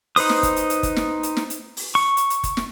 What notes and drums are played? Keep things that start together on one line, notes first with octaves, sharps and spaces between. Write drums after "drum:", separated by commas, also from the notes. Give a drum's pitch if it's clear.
D#4 B4 C5 D#6, drum: open hi-hat
drum: snare
drum: kick F#1, hi-hat
drum: hi-hat
drum: hi-hat
drum: kick F#1, hi-hat
drum: snare
drum: hi-hat
drum: snare
drum: hi-hat
drum: open hi-hat
C#6
drum: hi-hat
drum: hi-hat
drum: kick F#1, hi-hat
drum: snare